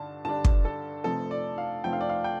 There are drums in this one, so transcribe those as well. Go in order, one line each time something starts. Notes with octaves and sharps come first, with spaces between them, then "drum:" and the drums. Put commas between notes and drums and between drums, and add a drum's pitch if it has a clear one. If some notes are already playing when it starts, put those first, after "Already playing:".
Already playing: G2 D3 D4 A5
G2 D3 G3 D4 A5
drum: kick
A4
F1 F2 F3 A3 C4 A4
D5
F5
F1 F2 F3 A3 C4 G5
F5
D5
F5
G5